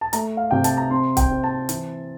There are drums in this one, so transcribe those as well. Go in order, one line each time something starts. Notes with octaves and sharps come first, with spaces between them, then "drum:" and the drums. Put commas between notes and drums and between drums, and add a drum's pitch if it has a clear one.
A5
A3 A#5, drum: hi-hat
F5
C3 G5
A5, drum: hi-hat
A#5
C4 C6
G5, drum: kick, hi-hat
C4
A5
E3, drum: hi-hat